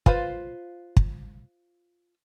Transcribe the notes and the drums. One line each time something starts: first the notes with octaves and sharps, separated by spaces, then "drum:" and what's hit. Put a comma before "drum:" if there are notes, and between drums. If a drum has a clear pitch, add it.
F4 B4 C5 F5, drum: kick
drum: kick